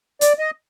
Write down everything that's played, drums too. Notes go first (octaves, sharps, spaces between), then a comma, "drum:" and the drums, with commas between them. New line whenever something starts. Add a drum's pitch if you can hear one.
D5, drum: hi-hat
D#5